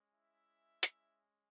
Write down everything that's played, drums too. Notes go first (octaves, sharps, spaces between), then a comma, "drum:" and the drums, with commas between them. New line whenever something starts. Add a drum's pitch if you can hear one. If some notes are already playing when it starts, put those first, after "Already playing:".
Already playing: G#3 C#4
E4 E5
drum: hi-hat